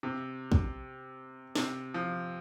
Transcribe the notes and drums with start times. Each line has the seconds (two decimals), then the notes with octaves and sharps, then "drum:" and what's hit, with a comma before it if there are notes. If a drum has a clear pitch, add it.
0.03 C3
0.52 drum: kick
1.55 C3, drum: snare
1.94 F3